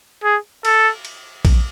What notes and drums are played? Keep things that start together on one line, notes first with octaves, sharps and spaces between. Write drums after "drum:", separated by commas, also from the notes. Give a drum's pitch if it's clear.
G#4
A4, drum: cymbal
drum: cymbal
drum: kick A#1, cymbal